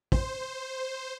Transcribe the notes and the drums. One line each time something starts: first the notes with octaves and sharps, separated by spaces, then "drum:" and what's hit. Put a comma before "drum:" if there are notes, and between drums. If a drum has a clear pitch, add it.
C5, drum: kick